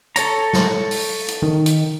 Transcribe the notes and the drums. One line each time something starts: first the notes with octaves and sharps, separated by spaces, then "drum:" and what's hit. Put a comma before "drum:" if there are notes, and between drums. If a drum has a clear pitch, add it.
A4 C#5 A#5, drum: hi-hat
drum: snare
drum: open hi-hat
drum: hi-hat
D#3
drum: hi-hat